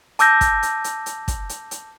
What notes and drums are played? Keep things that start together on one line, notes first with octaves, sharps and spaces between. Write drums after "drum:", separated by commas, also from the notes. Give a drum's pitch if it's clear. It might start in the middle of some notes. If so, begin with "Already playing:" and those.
A5 D6 E6 G6 A#6, drum: hi-hat
drum: kick, hi-hat
drum: hi-hat
drum: hi-hat
drum: hi-hat
drum: kick, hi-hat
drum: hi-hat
drum: hi-hat